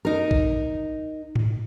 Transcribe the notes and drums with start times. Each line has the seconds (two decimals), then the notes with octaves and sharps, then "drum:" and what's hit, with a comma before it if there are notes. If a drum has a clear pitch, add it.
0.05 D#4 A#4
0.31 drum: kick
1.35 drum: tom G#2